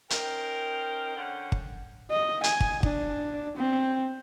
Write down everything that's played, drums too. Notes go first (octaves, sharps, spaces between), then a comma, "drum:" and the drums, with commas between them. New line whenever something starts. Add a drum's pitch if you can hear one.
C#4 D#4 A#4 C5 G5, drum: hi-hat
D3 C#4 F#5
drum: kick
D#5
G#5, drum: hi-hat
drum: kick
D4, drum: kick
C4